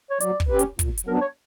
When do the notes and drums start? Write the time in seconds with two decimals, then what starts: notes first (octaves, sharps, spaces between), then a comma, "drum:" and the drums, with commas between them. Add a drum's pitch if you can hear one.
0.10 C#5
0.20 F#3 D5, drum: hi-hat
0.40 drum: kick
0.49 C#4 G4 B4
0.59 drum: hi-hat
0.79 A#2, drum: kick, hi-hat
0.98 drum: hi-hat
1.07 F#3 B3 D4 A#4
1.21 C#5